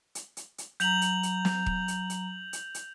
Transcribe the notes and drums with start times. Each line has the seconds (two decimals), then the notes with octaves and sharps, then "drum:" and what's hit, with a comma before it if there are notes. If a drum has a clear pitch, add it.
0.15 drum: hi-hat
0.37 drum: hi-hat
0.58 drum: hi-hat
0.80 F#3 A#5 G6 F7 F#7, drum: hi-hat
1.02 drum: hi-hat
1.23 drum: hi-hat
1.45 drum: snare
1.66 drum: kick D#1
1.88 drum: hi-hat
2.10 drum: hi-hat
2.53 drum: hi-hat
2.74 drum: hi-hat